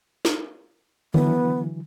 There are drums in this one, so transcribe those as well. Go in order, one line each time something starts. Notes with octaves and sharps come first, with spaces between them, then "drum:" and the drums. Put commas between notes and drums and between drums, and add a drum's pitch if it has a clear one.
drum: snare
D3 E3 F#3 B3, drum: tom D3